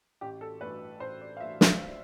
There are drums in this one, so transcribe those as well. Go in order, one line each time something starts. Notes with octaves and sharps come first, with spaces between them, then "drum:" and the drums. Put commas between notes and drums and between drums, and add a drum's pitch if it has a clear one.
A1 G4
A4
G2 E3 A3 B4
A1 C5
D5
F5
G2 E3 A3 E5
E5, drum: snare
F5